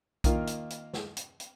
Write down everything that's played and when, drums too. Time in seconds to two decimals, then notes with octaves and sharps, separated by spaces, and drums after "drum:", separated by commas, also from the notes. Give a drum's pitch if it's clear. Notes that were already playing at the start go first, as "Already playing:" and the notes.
0.24 D#3 A#3 F4, drum: kick B1, hi-hat
0.47 drum: hi-hat
0.70 drum: hi-hat
0.94 drum: snare
1.17 drum: hi-hat
1.40 drum: hi-hat